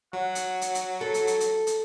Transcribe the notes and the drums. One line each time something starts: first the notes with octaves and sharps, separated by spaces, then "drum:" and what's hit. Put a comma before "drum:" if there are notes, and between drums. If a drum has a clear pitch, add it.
F#3 F#5
drum: hi-hat
drum: hi-hat
drum: hi-hat
A4
drum: hi-hat
drum: hi-hat
drum: hi-hat
drum: hi-hat